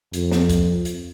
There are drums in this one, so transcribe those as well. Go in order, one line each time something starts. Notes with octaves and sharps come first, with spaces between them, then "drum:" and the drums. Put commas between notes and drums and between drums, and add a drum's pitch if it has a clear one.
F2, drum: hi-hat
drum: snare
drum: kick C#2, hi-hat
drum: hi-hat